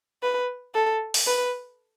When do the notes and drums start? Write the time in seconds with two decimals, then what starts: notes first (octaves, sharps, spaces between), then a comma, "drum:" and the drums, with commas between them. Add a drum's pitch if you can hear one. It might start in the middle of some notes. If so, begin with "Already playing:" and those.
0.23 B4
0.75 A4
1.14 drum: open hi-hat
1.26 B4